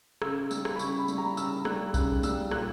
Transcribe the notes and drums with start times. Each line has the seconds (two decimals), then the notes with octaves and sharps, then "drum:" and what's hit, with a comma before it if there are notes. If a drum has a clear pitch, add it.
0.22 C#3 E6, drum: rim click
0.51 G3 E6, drum: tambourine
0.65 drum: rim click
0.76 B5
0.79 C#3 C#6, drum: tambourine
0.99 B5
1.08 G3, drum: tambourine
1.18 A#5
1.37 C#3 E6, drum: tambourine
1.65 G3 F#6, drum: rim click
1.94 C#3 F#6, drum: kick B1, tambourine
2.23 G3 E6, drum: tambourine
2.51 A#2 F#6, drum: rim click